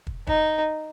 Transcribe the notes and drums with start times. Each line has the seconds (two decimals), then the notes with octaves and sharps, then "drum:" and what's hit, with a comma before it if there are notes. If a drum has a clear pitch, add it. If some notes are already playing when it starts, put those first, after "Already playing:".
0.07 drum: kick
0.27 D#4, drum: kick